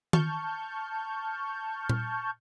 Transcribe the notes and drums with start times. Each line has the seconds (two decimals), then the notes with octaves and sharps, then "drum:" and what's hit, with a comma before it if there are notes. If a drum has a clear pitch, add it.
0.13 A5 C#6 F6 G6, drum: tom
1.89 drum: tom A#2